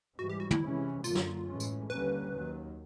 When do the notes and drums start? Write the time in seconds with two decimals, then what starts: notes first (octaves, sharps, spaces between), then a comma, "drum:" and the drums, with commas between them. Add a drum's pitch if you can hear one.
0.19 G#2 E3 G3 F#4
0.30 G4
0.40 F#4
0.51 E4, drum: tom
0.62 C3 E3 G#3 C#4
1.04 F#2 D3 F#3 A#3 F4, drum: tambourine
1.15 drum: snare
1.47 A2 E3 G#3 C#4
1.60 drum: tambourine
1.90 D#2 D3 G3 A#3 C#4 B4
2.33 D#2 D#3 F#3